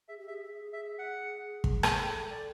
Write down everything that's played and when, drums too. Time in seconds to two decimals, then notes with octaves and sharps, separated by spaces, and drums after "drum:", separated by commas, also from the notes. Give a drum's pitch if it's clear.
0.09 G#4 E5
0.19 G4
0.28 G#4 E5
0.44 G4
0.47 G#4
0.73 E5
0.99 F#5
1.64 drum: kick
1.83 drum: rim click
2.02 A4 G5
2.31 D5